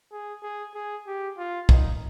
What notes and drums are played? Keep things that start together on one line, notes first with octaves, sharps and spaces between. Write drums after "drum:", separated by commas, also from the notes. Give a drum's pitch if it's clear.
G#4
G#4
G#4
G4
F4
D#4, drum: kick B1